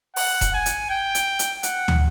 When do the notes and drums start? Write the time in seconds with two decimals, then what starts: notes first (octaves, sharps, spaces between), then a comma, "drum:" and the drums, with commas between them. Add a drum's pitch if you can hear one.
0.16 F#5, drum: open hi-hat
0.41 drum: kick E1, hi-hat
0.54 G#5
0.66 drum: hi-hat
0.90 G5
1.15 drum: hi-hat
1.39 drum: hi-hat
1.63 F#5, drum: hi-hat
1.88 drum: tom